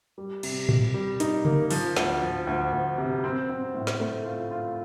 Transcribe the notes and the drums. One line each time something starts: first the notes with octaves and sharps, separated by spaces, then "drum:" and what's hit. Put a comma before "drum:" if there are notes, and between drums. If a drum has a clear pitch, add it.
G3
C3, drum: cymbal
G3, drum: tom A2
G3
D#4, drum: hi-hat
A#3, drum: tom C#3
F3, drum: open hi-hat
D2, drum: snare
F3
D2
D2
C3
C4
C4
A2
drum: snare
A3
F4
F4